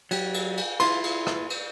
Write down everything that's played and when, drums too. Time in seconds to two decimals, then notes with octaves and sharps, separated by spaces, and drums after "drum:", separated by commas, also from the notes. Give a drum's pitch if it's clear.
0.11 F#3 G4, drum: cymbal
0.34 drum: cymbal
0.57 drum: cymbal
0.80 E4 F4 B4 C6, drum: cymbal
1.04 drum: cymbal
1.27 drum: rim click
1.50 drum: cymbal